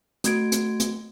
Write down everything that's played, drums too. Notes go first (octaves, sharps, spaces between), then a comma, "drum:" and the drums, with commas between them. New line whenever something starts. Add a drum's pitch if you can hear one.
A3 F#4 G#6 D7, drum: hi-hat
drum: hi-hat
drum: hi-hat